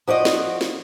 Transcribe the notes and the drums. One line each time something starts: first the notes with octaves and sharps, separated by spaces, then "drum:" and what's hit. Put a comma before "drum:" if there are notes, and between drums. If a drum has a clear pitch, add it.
F3 F#4 D5 D#5
drum: snare
drum: snare